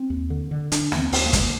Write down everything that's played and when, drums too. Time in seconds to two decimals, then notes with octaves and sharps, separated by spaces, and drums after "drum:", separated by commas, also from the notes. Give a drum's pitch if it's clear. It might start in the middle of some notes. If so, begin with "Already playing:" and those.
Already playing: C4
0.10 D#2
0.30 D3
0.51 D3
0.72 D3 D4, drum: hi-hat
0.92 D#2, drum: snare
0.99 C4
1.13 D#2, drum: open hi-hat
1.26 A#3
1.33 D3 G#3, drum: kick, hi-hat
1.43 A#3